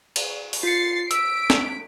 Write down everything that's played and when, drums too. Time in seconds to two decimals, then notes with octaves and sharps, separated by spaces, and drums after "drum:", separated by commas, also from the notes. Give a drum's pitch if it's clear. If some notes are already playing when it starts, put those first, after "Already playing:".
0.16 drum: cymbal
0.53 drum: open hi-hat
0.63 F4 A6 C7 C#7
1.11 E6 B6 D7, drum: hi-hat
1.50 drum: snare